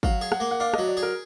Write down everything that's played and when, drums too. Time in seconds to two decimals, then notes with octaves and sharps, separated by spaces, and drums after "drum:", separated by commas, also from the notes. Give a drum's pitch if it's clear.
0.03 F#3 F5, drum: kick
0.21 G#4
0.32 F#5, drum: rim click
0.40 A#3
0.51 F#5
0.60 D4 F5
0.74 F#3 D#5, drum: rim click
0.88 D5
0.97 G#4
1.03 A#4